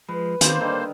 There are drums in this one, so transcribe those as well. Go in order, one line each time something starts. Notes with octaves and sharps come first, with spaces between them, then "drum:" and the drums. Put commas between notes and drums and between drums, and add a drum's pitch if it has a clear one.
F3 G#3 B4
D#3 A#3 C5, drum: hi-hat
D3 D#3 G3 A4